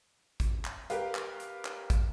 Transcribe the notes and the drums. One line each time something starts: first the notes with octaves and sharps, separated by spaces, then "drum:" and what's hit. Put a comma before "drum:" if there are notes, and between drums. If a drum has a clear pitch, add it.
drum: kick, hi-hat
drum: clap
G4 A#4 B4 F5, drum: hi-hat
drum: clap
drum: hi-hat
drum: clap
drum: kick, hi-hat